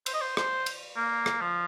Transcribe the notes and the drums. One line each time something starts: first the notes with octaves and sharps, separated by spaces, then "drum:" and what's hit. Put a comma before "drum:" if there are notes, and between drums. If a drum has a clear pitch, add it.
C5, drum: cymbal
D#5
C5
C5, drum: rim click
drum: cymbal
A#3
drum: rim click
F3